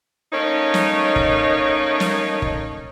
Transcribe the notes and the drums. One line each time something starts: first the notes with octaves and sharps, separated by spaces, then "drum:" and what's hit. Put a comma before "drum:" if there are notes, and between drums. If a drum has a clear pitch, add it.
A3 A#3 C#4 D#4 C#5
drum: snare
drum: kick
drum: snare
drum: kick